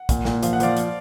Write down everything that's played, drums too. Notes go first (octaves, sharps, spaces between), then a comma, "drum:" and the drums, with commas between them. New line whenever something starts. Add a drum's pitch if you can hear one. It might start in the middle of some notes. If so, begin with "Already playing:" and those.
Already playing: F#5
A#2, drum: kick, hi-hat
A#2, drum: snare
F3 F5, drum: hi-hat
F#5
F3 D5 F5, drum: hi-hat
drum: hi-hat